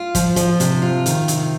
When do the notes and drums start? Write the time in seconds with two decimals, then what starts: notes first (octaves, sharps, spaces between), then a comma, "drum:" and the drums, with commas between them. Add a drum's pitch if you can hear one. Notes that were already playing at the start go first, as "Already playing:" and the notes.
Already playing: F4
0.15 F3, drum: kick, hi-hat
0.36 F3, drum: hi-hat
0.60 C3, drum: hi-hat
0.82 F4
1.06 D#3, drum: hi-hat
1.28 C3, drum: hi-hat